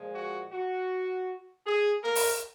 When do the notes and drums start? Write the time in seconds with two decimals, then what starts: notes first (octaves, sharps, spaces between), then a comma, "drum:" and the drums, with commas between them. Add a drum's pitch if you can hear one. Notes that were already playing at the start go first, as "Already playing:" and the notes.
Already playing: A#2 F3 G#3
0.14 F#4
0.52 F#4
1.66 G#4
2.03 A#4
2.15 drum: open hi-hat